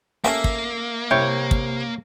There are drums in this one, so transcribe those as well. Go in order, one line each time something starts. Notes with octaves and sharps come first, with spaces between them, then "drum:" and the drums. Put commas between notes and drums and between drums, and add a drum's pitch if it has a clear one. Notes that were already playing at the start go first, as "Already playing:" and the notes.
A3 A#3 C#4 G4 E5
drum: kick
C2 E4 C#5 G5
drum: kick